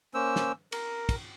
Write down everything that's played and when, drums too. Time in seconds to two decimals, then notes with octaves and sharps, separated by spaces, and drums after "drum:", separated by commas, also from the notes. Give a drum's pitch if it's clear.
0.14 A#3 C#4 C5 E6
0.36 drum: snare
0.72 A#4, drum: cymbal
1.09 drum: kick, cymbal